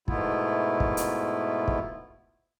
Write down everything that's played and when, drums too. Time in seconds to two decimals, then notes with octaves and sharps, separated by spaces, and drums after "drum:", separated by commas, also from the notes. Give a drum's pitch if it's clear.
0.08 G#2 B2 A3 B3 E4 F4, drum: kick
0.80 drum: kick
0.97 drum: hi-hat
1.68 drum: kick